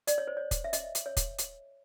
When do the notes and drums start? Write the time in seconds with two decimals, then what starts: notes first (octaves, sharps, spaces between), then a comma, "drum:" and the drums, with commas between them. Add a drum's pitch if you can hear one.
0.07 D5, drum: hi-hat
0.18 C#5
0.27 C5
0.37 C#5
0.51 drum: kick, hi-hat
0.64 E5
0.73 D#5, drum: hi-hat
0.95 drum: hi-hat
1.06 C#5
1.17 drum: kick, hi-hat
1.38 drum: hi-hat